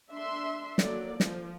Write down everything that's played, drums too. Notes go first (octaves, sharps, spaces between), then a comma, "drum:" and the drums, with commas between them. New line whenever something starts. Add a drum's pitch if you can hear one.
D4 E5 C6
F#3 A#3 A4 D5, drum: snare
F3, drum: snare